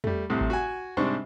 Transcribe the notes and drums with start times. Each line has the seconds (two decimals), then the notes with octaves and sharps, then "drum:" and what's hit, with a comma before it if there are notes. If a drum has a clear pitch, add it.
0.04 G3 A3, drum: tom E2
0.30 C2 A2 C3
0.41 drum: kick G#1
0.50 F#4 G#5
0.97 G#2 C3 G3 D4 C5 C#6